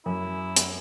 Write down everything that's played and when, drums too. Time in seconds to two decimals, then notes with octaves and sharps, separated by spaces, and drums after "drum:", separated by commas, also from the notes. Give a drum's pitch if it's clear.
0.05 F#2 E4
0.56 drum: hi-hat